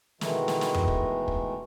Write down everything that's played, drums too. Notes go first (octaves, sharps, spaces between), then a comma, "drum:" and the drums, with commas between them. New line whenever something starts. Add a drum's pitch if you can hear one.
B2 D#3 E3 G#3 A3, drum: snare
drum: snare
drum: snare
drum: tom F2
drum: kick
drum: kick